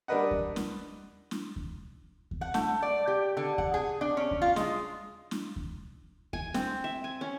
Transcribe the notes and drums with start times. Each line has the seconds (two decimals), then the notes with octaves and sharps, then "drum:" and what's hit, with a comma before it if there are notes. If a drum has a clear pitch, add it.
0.08 G3 D4 A#4 B4 D#5 F#5
0.31 drum: kick D#2
0.56 drum: snare
1.31 drum: snare
1.56 drum: kick D#2
2.31 drum: kick D#2
2.41 F#5
2.54 A3, drum: snare
2.82 D5
3.08 G4
3.37 D3
3.58 F#5, drum: kick D#2
3.74 G#4
4.01 D4
4.17 C#4
4.31 drum: kick D#2
4.42 F4
4.56 G#3, drum: snare
5.31 drum: snare
5.56 drum: kick D#2
6.33 G#5, drum: kick D#2
6.54 C4, drum: snare
6.84 E5
7.04 G#5
7.21 C#4